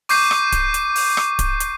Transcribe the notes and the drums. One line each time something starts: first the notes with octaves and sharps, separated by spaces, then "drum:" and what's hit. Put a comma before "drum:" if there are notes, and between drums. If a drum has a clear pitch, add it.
C#6 D6 G6 C7 D#7, drum: open hi-hat
drum: rim click
drum: kick D1, hi-hat
drum: hi-hat
drum: open hi-hat
drum: rim click
drum: kick D1, hi-hat
drum: hi-hat